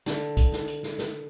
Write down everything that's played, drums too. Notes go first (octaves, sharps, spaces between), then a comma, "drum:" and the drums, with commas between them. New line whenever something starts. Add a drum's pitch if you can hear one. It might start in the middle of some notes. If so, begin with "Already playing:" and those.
D3, drum: snare
drum: kick B1, hi-hat
drum: snare
drum: hi-hat
drum: snare
drum: snare